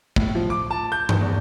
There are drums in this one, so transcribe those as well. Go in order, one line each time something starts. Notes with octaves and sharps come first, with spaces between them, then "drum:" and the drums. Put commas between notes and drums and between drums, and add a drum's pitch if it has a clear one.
A2, drum: kick
F3
D6
A5
G6
drum: tom G2
E2